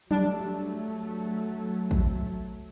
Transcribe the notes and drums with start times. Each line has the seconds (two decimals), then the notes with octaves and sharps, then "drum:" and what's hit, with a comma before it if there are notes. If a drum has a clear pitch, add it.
0.11 F#3 G3 A3 D4, drum: tom
1.91 drum: kick